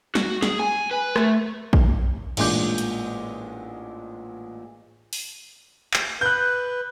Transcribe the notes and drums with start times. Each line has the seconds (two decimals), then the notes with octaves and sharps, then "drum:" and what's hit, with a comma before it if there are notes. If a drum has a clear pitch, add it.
0.15 F#4, drum: snare
0.42 G#4, drum: snare
0.60 G#5
0.91 B4
1.16 A3, drum: rim click
1.73 drum: kick A#1
2.37 A1 A#2 G#3 D4 D6 G6, drum: cymbal
2.78 drum: hi-hat
5.13 drum: open hi-hat
5.94 drum: clap
6.21 B4 F#6 G6